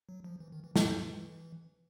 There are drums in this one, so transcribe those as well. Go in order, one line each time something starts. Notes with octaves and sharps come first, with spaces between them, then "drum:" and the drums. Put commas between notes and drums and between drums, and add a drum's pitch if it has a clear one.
F#3
F3
E3
D#3
E3
F3, drum: snare
E3